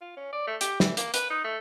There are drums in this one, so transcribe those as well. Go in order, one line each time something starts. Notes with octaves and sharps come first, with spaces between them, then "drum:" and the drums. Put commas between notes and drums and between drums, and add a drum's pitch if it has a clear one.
F4
C#4
D5
A3
G4, drum: hi-hat
E3, drum: snare
A#3, drum: hi-hat
B4, drum: hi-hat
D#4
A3